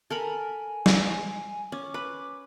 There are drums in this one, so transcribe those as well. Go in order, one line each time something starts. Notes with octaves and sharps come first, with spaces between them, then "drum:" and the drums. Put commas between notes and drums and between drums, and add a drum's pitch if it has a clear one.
A4 A#4 G#5 B5
drum: snare
C#4 D6
B4